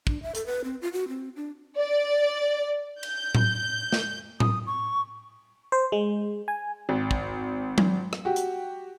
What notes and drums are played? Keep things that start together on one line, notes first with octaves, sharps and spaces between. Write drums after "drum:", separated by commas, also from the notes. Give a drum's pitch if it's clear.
D4, drum: kick
E5
A4, drum: hi-hat
B4
C4
F4
F#4
C4
D4
D5
G6, drum: cymbal
drum: tom A2
drum: snare
D#6, drum: tom A2
C#6
C5
G#3
G#5
G#1
drum: kick
drum: tom F#3
drum: rim click
F#4 G4
drum: hi-hat